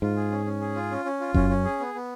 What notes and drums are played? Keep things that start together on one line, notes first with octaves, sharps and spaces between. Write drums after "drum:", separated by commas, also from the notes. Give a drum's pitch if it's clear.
G#2 F4
G#4
C#4
C#4
G#4
F4
C#4
C#4
F4
F#2 C#4, drum: kick F1
C#4
G#4
B3
B3